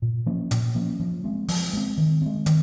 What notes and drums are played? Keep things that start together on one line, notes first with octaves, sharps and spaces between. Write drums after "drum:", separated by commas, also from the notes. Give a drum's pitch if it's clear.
A#2
F3 A#3 C#4
A#2, drum: hi-hat
F3 A#3 C#4
F3
G#3 C4
F3, drum: open hi-hat
G#3 C4
D#3
G#3 C4
D#3, drum: hi-hat